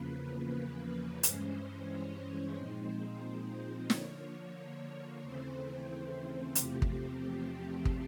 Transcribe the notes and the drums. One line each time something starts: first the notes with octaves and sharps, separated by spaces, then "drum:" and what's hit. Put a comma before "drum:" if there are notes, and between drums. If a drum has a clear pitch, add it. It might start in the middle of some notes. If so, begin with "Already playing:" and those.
Already playing: E2 C#3 F3 A#3 B4
G2 E3 G#3 C#4 C5, drum: hi-hat
C#5
A#2 F3 G#3 C4 D#4 C5
D3 F3 A#3 C#5, drum: snare
D#2 C#3 E3 A3 C4 C5
E2 C3 F3 A3 C4 G4, drum: hi-hat
drum: kick
drum: kick